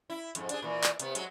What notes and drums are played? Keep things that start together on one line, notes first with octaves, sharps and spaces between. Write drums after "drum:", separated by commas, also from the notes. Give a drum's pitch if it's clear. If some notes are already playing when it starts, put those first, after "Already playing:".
E4
F2 G#2, drum: hi-hat
D4 G#4, drum: hi-hat
A#2 E3
drum: clap
C3 B3, drum: hi-hat
F#3 G#3 F#4, drum: hi-hat